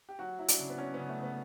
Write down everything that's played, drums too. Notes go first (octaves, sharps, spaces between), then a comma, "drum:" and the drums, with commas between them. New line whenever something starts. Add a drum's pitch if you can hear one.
G4
F#3 F#4
F#3 E4
D4, drum: hi-hat
C#3
B3
F#3 C#4
C#3 B3
A3
C#3 B3